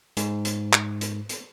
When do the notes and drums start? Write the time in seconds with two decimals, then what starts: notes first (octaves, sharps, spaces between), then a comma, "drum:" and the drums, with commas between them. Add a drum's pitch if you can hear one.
0.17 G#2, drum: hi-hat
0.45 drum: hi-hat
0.73 drum: clap
1.01 drum: hi-hat
1.29 drum: hi-hat